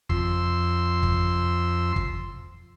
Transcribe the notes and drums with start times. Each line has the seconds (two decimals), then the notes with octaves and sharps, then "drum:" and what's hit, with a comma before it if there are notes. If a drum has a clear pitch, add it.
0.09 F2 C6 E6, drum: kick
1.03 drum: kick
1.96 drum: kick